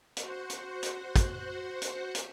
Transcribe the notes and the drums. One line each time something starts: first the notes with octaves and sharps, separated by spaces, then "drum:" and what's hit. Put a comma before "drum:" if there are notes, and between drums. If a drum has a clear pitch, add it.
F#4 C5 F#5, drum: hi-hat
drum: hi-hat
drum: hi-hat
drum: kick, hi-hat
drum: hi-hat
drum: hi-hat